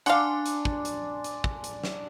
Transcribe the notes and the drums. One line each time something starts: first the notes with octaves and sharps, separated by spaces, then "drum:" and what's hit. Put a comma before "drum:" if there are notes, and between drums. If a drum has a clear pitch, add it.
D4 F5 F#5 G#5 C6 D6, drum: hi-hat
drum: hi-hat
drum: kick
drum: hi-hat
drum: hi-hat
drum: kick
drum: hi-hat
drum: snare